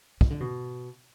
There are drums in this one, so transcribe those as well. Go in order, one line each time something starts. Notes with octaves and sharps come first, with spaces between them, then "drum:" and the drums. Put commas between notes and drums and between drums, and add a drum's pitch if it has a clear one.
D#3, drum: kick
D3
B2